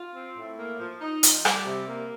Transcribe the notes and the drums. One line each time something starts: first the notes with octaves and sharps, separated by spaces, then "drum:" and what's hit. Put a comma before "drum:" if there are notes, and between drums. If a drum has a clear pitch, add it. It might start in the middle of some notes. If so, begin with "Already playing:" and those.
Already playing: F4
C4
A2
A#3
F3
D#4
F3, drum: hi-hat
G3, drum: rim click
C3
A#3